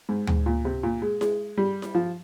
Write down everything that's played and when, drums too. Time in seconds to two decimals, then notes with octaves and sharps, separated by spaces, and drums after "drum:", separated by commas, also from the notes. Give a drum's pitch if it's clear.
0.09 G#2
0.27 G#2, drum: tom D2
0.46 A#2
0.65 C3
0.83 A#2
1.02 G#3
1.21 G#3, drum: snare E4
1.58 G3
1.82 drum: snare E4
1.95 F3